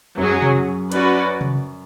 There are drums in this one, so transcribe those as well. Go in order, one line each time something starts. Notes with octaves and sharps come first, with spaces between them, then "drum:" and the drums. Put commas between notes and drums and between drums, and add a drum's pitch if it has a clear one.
F#2 F#3 C#4 G#4
drum: tom C3
C#4 F#4 B4 D5, drum: hi-hat
drum: tom C3